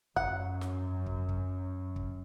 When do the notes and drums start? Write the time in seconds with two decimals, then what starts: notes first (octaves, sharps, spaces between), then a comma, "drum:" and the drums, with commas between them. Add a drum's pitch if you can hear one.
0.16 F#2 F#5, drum: kick
0.61 drum: snare
1.06 drum: kick
1.29 drum: kick
1.96 drum: kick